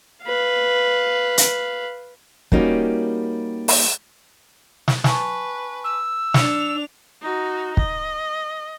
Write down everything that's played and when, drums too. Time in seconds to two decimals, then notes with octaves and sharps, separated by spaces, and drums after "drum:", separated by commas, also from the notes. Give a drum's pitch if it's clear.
0.23 B4 F5
1.38 drum: hi-hat
2.52 G3 A#3 C#4 D#4 F#4 G4, drum: kick
3.68 drum: open hi-hat
4.88 drum: snare
5.04 B4 G#5 A5 C#6, drum: snare
5.84 E6
6.34 D4 C#7 F7, drum: snare
7.22 D#4 F#4
7.77 D#5, drum: kick